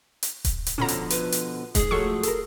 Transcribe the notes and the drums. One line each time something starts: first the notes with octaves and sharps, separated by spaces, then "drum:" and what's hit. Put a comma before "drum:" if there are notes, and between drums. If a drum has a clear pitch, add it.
drum: hi-hat
drum: kick D#1, hi-hat
drum: hi-hat
B2 D3 F3 C#4 A#5
drum: hi-hat
B4, drum: hi-hat
drum: hi-hat
G#2 G#4, drum: kick D#1, hi-hat
F3 F#3 A3 C#6
A4 A#4, drum: hi-hat